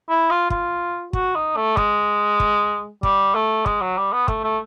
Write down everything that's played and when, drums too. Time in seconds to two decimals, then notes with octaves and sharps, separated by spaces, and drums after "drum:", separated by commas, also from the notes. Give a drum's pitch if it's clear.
0.09 E4
0.31 F4
0.50 F4, drum: kick
1.13 F#4, drum: kick
1.35 D#4
1.56 A3
1.77 G#3, drum: kick
2.40 drum: kick
3.03 G3, drum: kick
3.35 A3
3.66 G#3, drum: kick
3.81 F#3
3.98 G3
4.13 B3
4.28 A3, drum: kick
4.44 A3